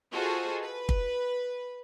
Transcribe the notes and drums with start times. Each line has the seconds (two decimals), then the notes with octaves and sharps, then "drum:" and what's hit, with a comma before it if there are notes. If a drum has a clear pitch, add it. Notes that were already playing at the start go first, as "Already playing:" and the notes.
0.12 F4 F#4 G#4 A4 C5 D#5
0.63 B4
0.89 drum: kick